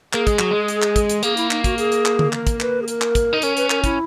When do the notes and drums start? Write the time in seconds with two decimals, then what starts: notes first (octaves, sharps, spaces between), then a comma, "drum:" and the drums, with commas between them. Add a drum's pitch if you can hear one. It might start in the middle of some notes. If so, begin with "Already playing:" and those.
0.13 A#3 G#4, drum: clap
0.27 G#3, drum: kick, hi-hat
0.39 F#3, drum: clap
0.51 G#3
0.68 drum: hi-hat
0.82 drum: clap
0.96 drum: kick, hi-hat
1.10 drum: hi-hat
1.23 A#3 G#4, drum: hi-hat
1.37 E4, drum: hi-hat
1.51 D#4, drum: clap
1.64 F#4, drum: kick, hi-hat
1.78 G#4, drum: hi-hat
1.92 drum: hi-hat
2.05 drum: clap
2.19 drum: tom D3
2.33 A#4, drum: clap
2.47 drum: kick, hi-hat
2.60 B4, drum: clap
2.82 G#4
2.88 A#4, drum: hi-hat
3.01 drum: clap
3.15 drum: kick, hi-hat
3.33 D#4
3.42 C#4 A#4, drum: hi-hat
3.57 B4, drum: hi-hat
3.70 A#4, drum: clap
3.84 E4, drum: kick, hi-hat